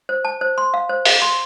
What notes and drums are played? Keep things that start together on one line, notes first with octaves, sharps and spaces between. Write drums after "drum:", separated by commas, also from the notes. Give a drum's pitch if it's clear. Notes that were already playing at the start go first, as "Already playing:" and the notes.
C5
A5
C5
C6
F5
C5
F5, drum: open hi-hat
C6